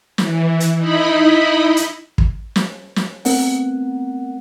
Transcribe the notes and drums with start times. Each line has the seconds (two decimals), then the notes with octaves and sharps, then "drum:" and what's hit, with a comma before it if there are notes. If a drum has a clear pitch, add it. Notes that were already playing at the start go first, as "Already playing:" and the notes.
0.18 E3, drum: snare
0.60 drum: hi-hat
0.77 D#4 E4 D#5 B5
1.77 drum: hi-hat
2.18 drum: kick
2.56 drum: snare
2.96 drum: snare
3.25 A3 B3 C4 A#4 F#5, drum: open hi-hat